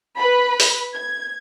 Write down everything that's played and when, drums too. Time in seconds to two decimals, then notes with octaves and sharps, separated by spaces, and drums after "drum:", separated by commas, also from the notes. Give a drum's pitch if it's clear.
0.17 B4 B5
0.60 drum: open hi-hat
0.95 G#6